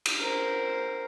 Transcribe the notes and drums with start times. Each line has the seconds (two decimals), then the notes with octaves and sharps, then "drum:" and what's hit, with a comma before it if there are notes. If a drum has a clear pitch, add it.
0.06 drum: cymbal
0.18 A#4 C5